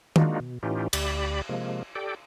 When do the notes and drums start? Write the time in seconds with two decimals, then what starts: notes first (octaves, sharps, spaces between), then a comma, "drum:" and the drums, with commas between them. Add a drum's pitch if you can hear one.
0.16 G#3 A#3 D4 D#4 F4 F#4, drum: tom D#3
0.40 B2
0.63 A2 E3 C#4 D#4 F4 G4
0.93 D2 G4 D5 B5, drum: cymbal
1.49 C3 F3 G#3 A#3
1.95 G4 A4 D5 G5